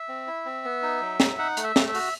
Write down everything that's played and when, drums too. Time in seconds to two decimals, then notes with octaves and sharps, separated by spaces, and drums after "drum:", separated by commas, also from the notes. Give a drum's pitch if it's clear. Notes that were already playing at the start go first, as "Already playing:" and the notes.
Already playing: E5
0.08 C4
0.27 E4
0.45 C4
0.64 B3
0.82 D#4
1.01 F#3
1.20 D#4, drum: snare
1.38 D#4 F#5
1.57 A3, drum: hi-hat
1.64 E5
1.76 A3, drum: snare
1.88 E5
1.95 F#4, drum: open hi-hat